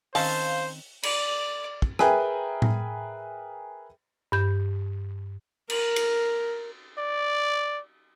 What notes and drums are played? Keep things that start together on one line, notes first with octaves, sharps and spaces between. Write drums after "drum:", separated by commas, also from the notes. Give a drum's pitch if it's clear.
D#3 C4 C#4 C5 F5 A5, drum: open hi-hat
D5, drum: cymbal
drum: kick
G#4 A#4 B4 E5 G5 G#5, drum: rim click
drum: tom A2
G2 G6
A#4, drum: cymbal
drum: cymbal
D5